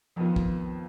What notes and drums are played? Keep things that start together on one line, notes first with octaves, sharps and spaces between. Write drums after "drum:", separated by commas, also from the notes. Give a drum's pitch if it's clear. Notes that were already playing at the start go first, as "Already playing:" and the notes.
F2 D#3 F3 B3 F4
drum: kick